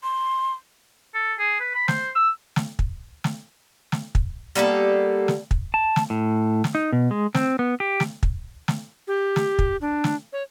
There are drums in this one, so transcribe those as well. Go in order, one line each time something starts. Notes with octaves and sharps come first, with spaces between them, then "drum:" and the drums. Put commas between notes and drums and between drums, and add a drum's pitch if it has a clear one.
C6
A4
G#4
B4
B5
C5, drum: snare
E6
drum: snare
drum: kick
drum: snare
drum: snare
drum: kick
G3 A#3 B3 A4
drum: snare
drum: kick
A5
drum: snare
A2
drum: snare
D#4
B2
G#3
C4, drum: snare
B3
G4
drum: snare
drum: kick
drum: snare
G4
drum: snare
drum: kick
D4
drum: snare
C#5